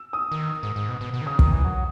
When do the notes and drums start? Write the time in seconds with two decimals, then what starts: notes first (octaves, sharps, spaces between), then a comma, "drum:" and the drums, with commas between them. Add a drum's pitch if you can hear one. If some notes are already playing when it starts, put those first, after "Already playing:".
Already playing: E6
0.13 D#6
0.32 D#3
0.63 G#2
0.76 G#2
0.89 B2
1.01 B2
1.14 B2
1.21 D#3
1.26 C#3 D#6
1.39 D#3, drum: kick
1.52 E3
1.64 F#3